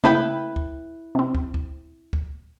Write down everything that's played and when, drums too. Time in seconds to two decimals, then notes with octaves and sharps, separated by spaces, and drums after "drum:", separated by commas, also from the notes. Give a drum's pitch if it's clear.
0.04 C#3 A3 A#3 E4 B4 G5
0.56 drum: kick
1.15 C3 C4
1.35 drum: kick
1.54 drum: kick
2.13 drum: kick